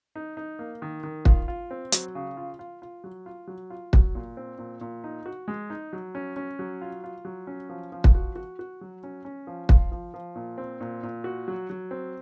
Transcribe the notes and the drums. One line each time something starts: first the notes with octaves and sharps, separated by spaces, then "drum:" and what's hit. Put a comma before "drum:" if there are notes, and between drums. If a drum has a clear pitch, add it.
D#4
D#4
A#3
D#3
D#3
F4, drum: kick
F4
C4
F#3, drum: hi-hat
C#3
F4
F4
F4
F#3
F4
F#3
F4
F#3, drum: kick
A#2
C4
A#2
A#2
D#4
F#4
G#3
D#4
F#3
C#4
C#4
F#3
F4
F4
F#3
C#4
F3
F3
drum: kick
F#4
F#4
F#4
F#3
C#4
C#4
F3
F4, drum: kick
F3
F3
A#2
C4
A#2
A#2
F#4
F#3
F#3
C4